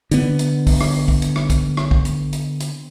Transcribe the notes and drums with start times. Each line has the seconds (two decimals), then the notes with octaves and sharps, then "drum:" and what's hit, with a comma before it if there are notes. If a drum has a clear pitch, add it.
0.11 D3 B3, drum: hi-hat
0.39 drum: hi-hat
0.67 drum: kick, open hi-hat
0.81 drum: rim click
1.08 drum: kick
1.22 drum: hi-hat
1.36 drum: rim click
1.50 drum: kick, hi-hat
1.77 drum: rim click
1.91 drum: kick
2.05 drum: hi-hat
2.33 drum: hi-hat
2.60 drum: hi-hat